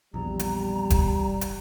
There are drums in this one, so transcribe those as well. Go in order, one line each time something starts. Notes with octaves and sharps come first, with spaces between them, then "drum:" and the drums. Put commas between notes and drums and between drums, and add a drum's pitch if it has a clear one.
A#1 E2 G3 A#5
drum: hi-hat
drum: kick, hi-hat
drum: hi-hat